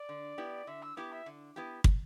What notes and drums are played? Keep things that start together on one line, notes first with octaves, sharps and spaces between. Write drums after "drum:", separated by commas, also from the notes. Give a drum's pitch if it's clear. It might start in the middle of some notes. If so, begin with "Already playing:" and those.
Already playing: D5
D3
B3 E4 G4
D3 E5
E6
B3 E4 G4 D6
E5
D3
B3 E4 G4
drum: kick